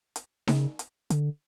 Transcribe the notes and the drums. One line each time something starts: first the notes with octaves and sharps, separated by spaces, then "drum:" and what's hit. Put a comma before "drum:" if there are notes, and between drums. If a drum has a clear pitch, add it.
drum: hi-hat
C#3, drum: snare D#4
drum: hi-hat
D3, drum: hi-hat